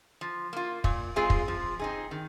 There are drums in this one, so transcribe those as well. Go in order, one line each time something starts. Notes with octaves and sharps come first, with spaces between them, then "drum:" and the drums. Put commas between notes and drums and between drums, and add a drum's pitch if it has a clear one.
F3
A#3 F4
A#2, drum: kick
G#3 C4 F4 G#4
drum: kick
F3
C4 D#4 G#4
D#3